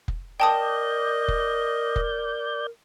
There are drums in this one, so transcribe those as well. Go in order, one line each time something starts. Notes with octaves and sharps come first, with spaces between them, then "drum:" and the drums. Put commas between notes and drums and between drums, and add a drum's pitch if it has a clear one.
drum: kick F1
A#4 D5 D#5 G5 A5 D#6 G6
drum: kick F1
drum: kick F1